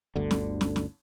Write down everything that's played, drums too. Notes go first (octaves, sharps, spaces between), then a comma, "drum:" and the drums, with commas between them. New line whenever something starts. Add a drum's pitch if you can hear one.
G1 D2 D3
drum: snare
drum: snare
drum: snare